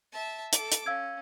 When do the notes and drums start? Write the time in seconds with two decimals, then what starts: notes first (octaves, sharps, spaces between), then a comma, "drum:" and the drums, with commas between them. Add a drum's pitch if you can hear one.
0.12 E5 A5
0.53 A4 D6, drum: hi-hat
0.72 drum: hi-hat
0.86 C#4 F5 E6 G#6